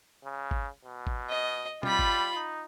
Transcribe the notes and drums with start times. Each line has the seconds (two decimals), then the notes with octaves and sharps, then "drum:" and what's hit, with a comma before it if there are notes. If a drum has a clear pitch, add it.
0.24 C#3
0.51 drum: kick G#1
0.85 B2
1.07 drum: kick G#1
1.30 D#5
1.83 G3 F4 B5, drum: tom
1.99 drum: kick G#1
2.36 D#4